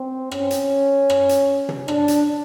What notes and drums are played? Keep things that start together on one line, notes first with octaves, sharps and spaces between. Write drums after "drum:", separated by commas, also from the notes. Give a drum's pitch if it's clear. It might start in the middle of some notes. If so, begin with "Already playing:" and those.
Already playing: C4
C#4, drum: rim click
drum: hi-hat
drum: rim click
drum: hi-hat
drum: tom
D4, drum: rim click
drum: hi-hat